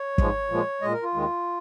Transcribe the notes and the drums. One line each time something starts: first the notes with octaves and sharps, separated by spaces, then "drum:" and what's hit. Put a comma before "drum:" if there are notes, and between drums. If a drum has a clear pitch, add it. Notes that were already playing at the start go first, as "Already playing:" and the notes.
Already playing: C#5
G#2 F3 G#3, drum: kick
A#2 F3 G#3
A#2 G#3 D#5
A#4
F4
D#2 D#3 G#3